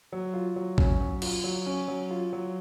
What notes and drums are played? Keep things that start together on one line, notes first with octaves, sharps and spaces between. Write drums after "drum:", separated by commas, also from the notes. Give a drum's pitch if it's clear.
F#3
F4
F#3
C#4, drum: kick A1
F#3
F4, drum: cymbal
F#3
C#4
F#3
F4
F#3